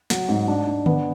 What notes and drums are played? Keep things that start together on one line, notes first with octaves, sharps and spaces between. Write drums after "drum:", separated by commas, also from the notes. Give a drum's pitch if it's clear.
F#3, drum: snare
G#2
D4
D4
B3, drum: tom D3